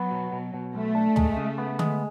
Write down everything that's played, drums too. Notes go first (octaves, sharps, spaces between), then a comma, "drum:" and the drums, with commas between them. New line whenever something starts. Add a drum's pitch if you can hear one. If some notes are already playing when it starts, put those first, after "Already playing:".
Already playing: F#3 B3
B2
B2
B2
B1 A3
D4
G#3, drum: tom
C#3
B3
G#3, drum: tom D3